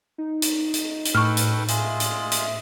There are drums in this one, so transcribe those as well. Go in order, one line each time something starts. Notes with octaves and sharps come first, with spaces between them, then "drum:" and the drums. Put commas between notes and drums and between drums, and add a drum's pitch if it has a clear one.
D#4
drum: hi-hat
drum: hi-hat
drum: hi-hat
A2 A4 B4 G5 C#6 F6
drum: hi-hat
G#3 F4 G#4 E5, drum: hi-hat
drum: hi-hat
drum: hi-hat